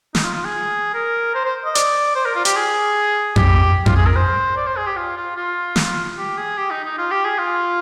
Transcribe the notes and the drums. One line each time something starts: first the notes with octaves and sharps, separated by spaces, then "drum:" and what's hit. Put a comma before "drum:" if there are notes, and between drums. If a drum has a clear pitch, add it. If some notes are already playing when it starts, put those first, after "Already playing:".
D#4, drum: snare
F4
F4
G#4
A#4
C5
C5
D#5
D5, drum: hi-hat
C5
A#4
F4
G4, drum: hi-hat
G#4
G4, drum: tom F2
F4, drum: tom F2
G#4
A#4
C5
D5
C5
G#4
G4
F4
F4
F4
drum: snare
G4
G#4
G4
D#4
D#4
F4
G4
G#4
F4